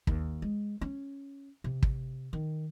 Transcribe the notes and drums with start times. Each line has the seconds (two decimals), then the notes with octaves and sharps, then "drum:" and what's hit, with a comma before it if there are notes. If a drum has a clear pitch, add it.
0.07 D#2, drum: kick
0.42 G#3
0.81 C#4
1.64 C3
1.83 drum: kick
2.33 D#3